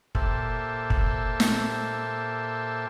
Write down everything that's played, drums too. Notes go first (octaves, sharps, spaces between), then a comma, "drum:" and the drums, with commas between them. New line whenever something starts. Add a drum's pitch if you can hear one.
A#2 G4 A4 C5 E5, drum: kick
drum: kick
drum: snare